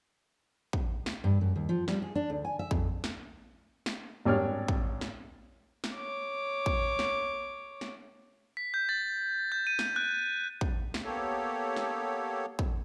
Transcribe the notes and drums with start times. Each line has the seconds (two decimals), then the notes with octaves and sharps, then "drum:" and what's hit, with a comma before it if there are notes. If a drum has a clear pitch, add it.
0.73 drum: kick
1.06 drum: snare
1.24 G2
1.41 F#2
1.56 D#2
1.69 F3
1.88 G3, drum: snare
2.02 G#4
2.15 D4
2.30 D2
2.45 G#5
2.59 E5
2.71 F2, drum: kick
3.04 drum: snare
3.86 drum: snare
4.25 G#1 G3 D4 C#5 D5 F6
4.68 drum: kick
5.01 drum: snare
5.84 drum: snare
5.94 C#5 D6
6.66 drum: kick
6.99 drum: snare
7.81 drum: snare
8.57 B6
8.74 G6
8.89 A6
9.52 G6
9.67 D#7
9.79 drum: snare
9.96 F#6
10.61 drum: kick
10.94 drum: snare
11.05 A#3 B3 G4 A4 C#5
11.76 drum: snare
12.59 drum: kick